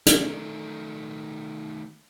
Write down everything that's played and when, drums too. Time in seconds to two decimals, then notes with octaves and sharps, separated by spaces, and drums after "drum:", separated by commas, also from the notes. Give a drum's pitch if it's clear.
0.06 D#3 A3, drum: hi-hat